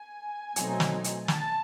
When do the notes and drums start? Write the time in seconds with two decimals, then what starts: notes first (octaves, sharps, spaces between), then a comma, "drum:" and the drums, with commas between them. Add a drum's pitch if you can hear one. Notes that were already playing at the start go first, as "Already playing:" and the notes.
Already playing: G#5
0.56 B2 F#3 A3 C4 D#4, drum: hi-hat
0.80 drum: snare
1.04 drum: hi-hat
1.28 A5, drum: snare